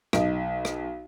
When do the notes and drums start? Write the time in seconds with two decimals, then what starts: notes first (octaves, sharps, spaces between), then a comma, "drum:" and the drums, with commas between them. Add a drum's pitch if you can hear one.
0.13 B1 D#4, drum: rim click
0.65 drum: rim click